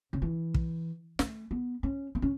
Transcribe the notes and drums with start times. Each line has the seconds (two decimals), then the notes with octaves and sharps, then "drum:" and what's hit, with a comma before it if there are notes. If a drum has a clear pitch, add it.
0.13 C#3
0.22 E3
0.54 drum: kick
1.19 A3, drum: snare
1.51 B3
1.83 C#4
2.15 B3
2.22 C#4